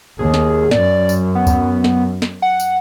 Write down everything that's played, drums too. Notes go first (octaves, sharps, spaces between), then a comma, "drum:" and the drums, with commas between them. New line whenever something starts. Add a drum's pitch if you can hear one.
D#2 G#4
drum: snare
F#2 D5, drum: snare
drum: tambourine
B3
drum: kick D2, tambourine
drum: snare
drum: snare
F#5
drum: tambourine